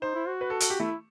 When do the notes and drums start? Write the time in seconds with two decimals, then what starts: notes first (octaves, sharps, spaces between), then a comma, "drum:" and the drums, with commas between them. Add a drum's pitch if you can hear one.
0.02 D#4 C5
0.15 E4
0.28 F#4
0.41 B4
0.50 A4
0.60 A4, drum: hi-hat
0.70 G4
0.80 A3 E4